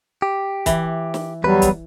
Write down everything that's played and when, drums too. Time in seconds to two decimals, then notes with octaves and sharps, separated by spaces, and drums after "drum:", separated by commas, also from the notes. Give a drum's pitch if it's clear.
0.22 G4
0.66 E3, drum: kick, hi-hat
1.14 drum: snare
1.44 E2 F#3 G3 B4
1.62 drum: kick, hi-hat